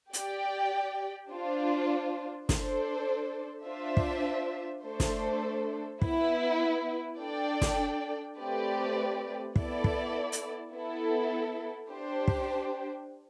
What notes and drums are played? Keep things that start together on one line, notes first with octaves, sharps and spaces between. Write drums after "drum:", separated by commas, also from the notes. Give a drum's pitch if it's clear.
G4 D5 G5, drum: hi-hat
D4 F4 C5
D4 A4 C5, drum: snare
D4 F4 C5 E5
drum: kick
A3 D4 A4 C5
drum: snare
B3 E4 B4, drum: kick
D4 A4 D5 G5
drum: snare
A3 C4 G4 B4 D5
B3 E4 A4 D5, drum: kick
drum: kick
drum: hi-hat
B3 E4 A4
D4 G4 C5
drum: kick